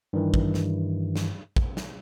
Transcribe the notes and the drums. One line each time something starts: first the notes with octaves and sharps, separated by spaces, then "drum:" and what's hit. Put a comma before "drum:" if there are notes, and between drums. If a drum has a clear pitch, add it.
G2 D#3 E3
drum: kick
drum: snare
drum: snare
drum: kick
drum: snare